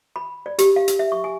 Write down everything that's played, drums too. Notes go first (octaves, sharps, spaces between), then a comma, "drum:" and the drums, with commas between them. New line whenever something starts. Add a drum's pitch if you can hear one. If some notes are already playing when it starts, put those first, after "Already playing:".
B5
D5
G4, drum: hi-hat
F5
drum: hi-hat
E5
C#6
G#5